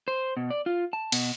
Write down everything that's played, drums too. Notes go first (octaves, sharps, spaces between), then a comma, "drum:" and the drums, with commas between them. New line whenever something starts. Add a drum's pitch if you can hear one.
C5
B2
D5
F4
A5
B2, drum: cymbal